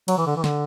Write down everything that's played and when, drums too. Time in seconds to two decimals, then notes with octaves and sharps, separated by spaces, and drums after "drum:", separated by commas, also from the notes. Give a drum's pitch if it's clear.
0.08 F#3, drum: cymbal
0.18 E3
0.26 D3
0.36 E3
0.44 D3, drum: snare